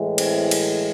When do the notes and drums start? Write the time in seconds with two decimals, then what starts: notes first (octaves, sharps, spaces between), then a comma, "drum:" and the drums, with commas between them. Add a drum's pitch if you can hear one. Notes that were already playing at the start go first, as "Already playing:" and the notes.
Already playing: A2 E3 G#3
0.18 C4, drum: cymbal
0.51 drum: cymbal